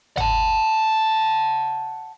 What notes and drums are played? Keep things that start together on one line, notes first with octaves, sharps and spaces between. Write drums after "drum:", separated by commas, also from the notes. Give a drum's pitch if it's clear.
F#5 A5, drum: tom